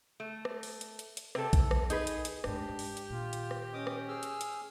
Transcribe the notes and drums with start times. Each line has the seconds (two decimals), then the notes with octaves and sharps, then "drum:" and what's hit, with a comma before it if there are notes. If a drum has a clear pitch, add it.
0.20 A3
0.45 drum: rim click
0.63 drum: open hi-hat
0.81 drum: hi-hat
0.99 drum: hi-hat
1.17 drum: hi-hat
1.35 C3 A4, drum: rim click
1.53 drum: kick A#1, hi-hat
1.71 drum: rim click
1.90 D#4 G#4 B4, drum: hi-hat
2.07 drum: hi-hat
2.25 drum: hi-hat
2.44 D2 G#2 D4 G4, drum: rim click
2.69 G#2
2.79 drum: open hi-hat
2.97 drum: hi-hat
3.10 A#2 D#3 F4
3.33 drum: hi-hat
3.51 drum: rim click
3.73 C#4 D#5 D6 D#6
3.87 drum: rim click
4.08 G#4 E6 F6
4.23 drum: hi-hat
4.41 drum: hi-hat